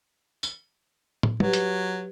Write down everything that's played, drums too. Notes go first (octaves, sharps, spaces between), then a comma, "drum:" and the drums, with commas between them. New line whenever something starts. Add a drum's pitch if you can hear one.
drum: tambourine
drum: tom
F#3 G4 B4, drum: tom
drum: hi-hat